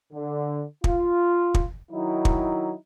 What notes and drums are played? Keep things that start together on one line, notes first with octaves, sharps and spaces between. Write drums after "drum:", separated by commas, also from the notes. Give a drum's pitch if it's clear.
D3
F4, drum: kick
drum: kick
D#3 F#3 D#4 E4
drum: kick